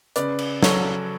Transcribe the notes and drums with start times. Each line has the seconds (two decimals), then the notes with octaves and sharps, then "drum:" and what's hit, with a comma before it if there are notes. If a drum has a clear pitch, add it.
0.16 C#3 B4 D5, drum: hi-hat
0.39 drum: cymbal
0.63 F#3 C#4 A4 C#5, drum: snare